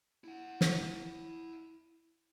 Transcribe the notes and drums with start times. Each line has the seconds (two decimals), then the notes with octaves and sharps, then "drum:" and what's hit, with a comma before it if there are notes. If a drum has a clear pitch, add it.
0.24 E4 F#5
0.61 drum: snare